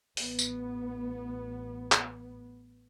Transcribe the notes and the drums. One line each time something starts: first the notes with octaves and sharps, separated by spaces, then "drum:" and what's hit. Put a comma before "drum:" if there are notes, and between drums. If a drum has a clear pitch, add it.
A1 B3, drum: open hi-hat
drum: tambourine
drum: clap